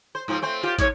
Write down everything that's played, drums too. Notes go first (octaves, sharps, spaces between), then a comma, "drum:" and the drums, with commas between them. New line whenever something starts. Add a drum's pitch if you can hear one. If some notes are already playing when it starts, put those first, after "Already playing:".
C5
G#2 F3 C4
A3 C4 C5
F4 G4
G#2 C3 C#5, drum: kick, hi-hat